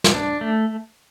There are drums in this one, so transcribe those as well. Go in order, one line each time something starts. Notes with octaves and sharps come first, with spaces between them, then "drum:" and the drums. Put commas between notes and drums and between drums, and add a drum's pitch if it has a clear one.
drum: snare
D4
A3